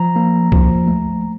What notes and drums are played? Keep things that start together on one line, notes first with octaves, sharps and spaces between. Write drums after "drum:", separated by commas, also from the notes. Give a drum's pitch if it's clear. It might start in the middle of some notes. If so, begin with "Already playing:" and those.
Already playing: F3 A#5
A#3
F3, drum: kick
A3